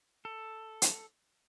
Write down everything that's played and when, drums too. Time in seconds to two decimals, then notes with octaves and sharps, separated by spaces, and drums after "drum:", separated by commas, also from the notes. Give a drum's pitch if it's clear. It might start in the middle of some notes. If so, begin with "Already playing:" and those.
0.25 A4
0.82 drum: hi-hat